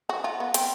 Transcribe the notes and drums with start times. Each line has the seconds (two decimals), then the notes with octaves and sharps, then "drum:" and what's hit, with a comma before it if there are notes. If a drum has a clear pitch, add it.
0.09 F#4
0.24 F4
0.40 B3
0.54 C4, drum: hi-hat